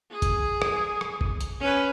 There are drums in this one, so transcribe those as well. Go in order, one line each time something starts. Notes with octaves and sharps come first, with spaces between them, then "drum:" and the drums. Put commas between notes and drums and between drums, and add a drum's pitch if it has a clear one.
G#4
drum: kick, hi-hat
drum: rim click
drum: rim click
drum: kick
drum: hi-hat
C#4 B4